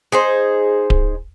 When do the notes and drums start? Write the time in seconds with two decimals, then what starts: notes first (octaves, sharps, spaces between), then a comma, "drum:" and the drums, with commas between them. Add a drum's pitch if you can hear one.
0.12 D#4 G#4 C5
0.90 drum: kick D1